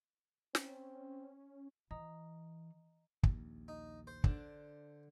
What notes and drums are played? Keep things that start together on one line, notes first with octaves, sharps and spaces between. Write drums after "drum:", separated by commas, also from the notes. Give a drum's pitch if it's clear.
C4 C#4, drum: snare
E3 D#5 A#5 D#6
A#1 D#2, drum: kick
D#4
C5
D3 D4, drum: kick